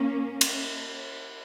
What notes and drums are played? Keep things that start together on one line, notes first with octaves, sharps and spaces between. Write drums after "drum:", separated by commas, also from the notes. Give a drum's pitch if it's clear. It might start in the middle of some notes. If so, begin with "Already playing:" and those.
Already playing: A#3 C#4
drum: cymbal